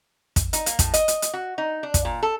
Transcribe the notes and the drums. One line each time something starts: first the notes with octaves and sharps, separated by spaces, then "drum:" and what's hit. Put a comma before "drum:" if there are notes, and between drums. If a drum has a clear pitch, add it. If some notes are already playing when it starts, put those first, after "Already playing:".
drum: kick, hi-hat
D#4, drum: hi-hat
A#3, drum: hi-hat
A2, drum: kick, hi-hat
D#5, drum: hi-hat
drum: hi-hat
drum: hi-hat
F#4
D#4
D4
drum: kick, hi-hat
A#2
A4